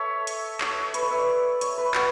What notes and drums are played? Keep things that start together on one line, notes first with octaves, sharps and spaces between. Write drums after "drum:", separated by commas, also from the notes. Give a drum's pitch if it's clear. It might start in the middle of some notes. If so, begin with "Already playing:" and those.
Already playing: A4 C#5 E5
drum: hi-hat
C#5, drum: clap
B4, drum: hi-hat
C#5
E5
D5
C#5, drum: hi-hat
B4
F#4, drum: clap